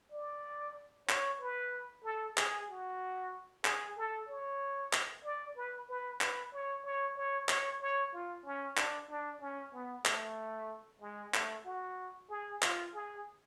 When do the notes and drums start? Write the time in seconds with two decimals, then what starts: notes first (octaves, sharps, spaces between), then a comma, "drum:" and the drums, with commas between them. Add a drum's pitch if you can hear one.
0.12 D5
1.09 C#5, drum: clap
1.41 B4
2.04 A4
2.37 G#4, drum: clap
2.69 F#4
3.65 G#4, drum: clap
3.97 A4
4.29 C#5
4.93 drum: clap
5.25 D5
5.56 B4
5.90 B4
6.21 B4, drum: clap
6.54 C#5
6.85 C#5
7.17 C#5
7.49 C#5, drum: clap
7.81 C#5
8.13 F4
8.46 C#4
8.77 D4, drum: clap
9.10 D4
9.41 C#4
9.74 B3
10.05 A3, drum: clap
11.01 G#3
11.34 A3, drum: clap
11.65 F#4
12.30 G#4
12.62 F4, drum: clap
12.94 G#4